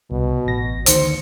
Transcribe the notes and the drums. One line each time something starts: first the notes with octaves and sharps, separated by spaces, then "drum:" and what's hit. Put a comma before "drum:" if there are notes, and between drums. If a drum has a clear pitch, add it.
C2 B2
A1 A#6
D2 D#3 C5 C#7, drum: hi-hat